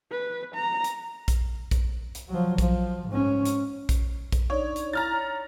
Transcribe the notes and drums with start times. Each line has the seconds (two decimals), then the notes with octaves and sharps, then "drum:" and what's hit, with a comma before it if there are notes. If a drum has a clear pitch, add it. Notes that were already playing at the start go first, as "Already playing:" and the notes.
0.12 B4
0.55 A#5
0.84 drum: hi-hat
1.28 drum: kick A#1, hi-hat
1.71 drum: kick A#1, hi-hat
2.15 drum: hi-hat
2.29 F3 F#3
2.58 F3, drum: kick A#1, hi-hat
3.08 G#2 C#4
3.45 drum: hi-hat
3.89 drum: kick A#1, hi-hat
4.32 drum: kick A#1, hi-hat
4.50 D4 D#4 C#5 D5
4.76 drum: hi-hat
4.93 E4 A#5 F6 A6
5.13 C#5